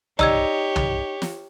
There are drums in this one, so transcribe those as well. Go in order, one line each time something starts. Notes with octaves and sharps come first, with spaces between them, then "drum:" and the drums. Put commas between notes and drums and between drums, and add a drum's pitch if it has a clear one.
D#4 G4 C#5 D5 E6 G#6, drum: tom
drum: tom
drum: snare